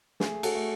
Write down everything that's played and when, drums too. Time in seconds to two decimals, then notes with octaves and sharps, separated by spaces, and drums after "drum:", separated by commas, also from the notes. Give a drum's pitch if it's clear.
0.20 A3 G#4, drum: snare
0.43 F#4 A4, drum: cymbal
0.55 A3